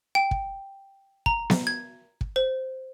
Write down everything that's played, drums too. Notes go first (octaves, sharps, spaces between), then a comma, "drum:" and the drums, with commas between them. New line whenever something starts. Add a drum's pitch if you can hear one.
G5
drum: kick
A#5, drum: kick
drum: snare B3
G#6
drum: kick
C5